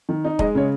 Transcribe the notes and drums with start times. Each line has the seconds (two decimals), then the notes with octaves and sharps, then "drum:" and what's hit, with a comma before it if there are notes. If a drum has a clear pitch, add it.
0.09 D#3
0.24 D#4
0.39 G#3 D#5, drum: kick
0.55 C#3 C#5